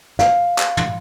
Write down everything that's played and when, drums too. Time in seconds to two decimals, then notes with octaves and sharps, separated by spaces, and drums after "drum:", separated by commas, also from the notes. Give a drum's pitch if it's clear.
0.19 F5, drum: snare
0.58 drum: clap
0.77 drum: tom